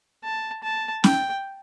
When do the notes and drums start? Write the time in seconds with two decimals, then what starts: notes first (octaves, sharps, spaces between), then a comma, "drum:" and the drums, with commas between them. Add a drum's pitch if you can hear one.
0.24 A5
0.63 A5
1.04 G5, drum: snare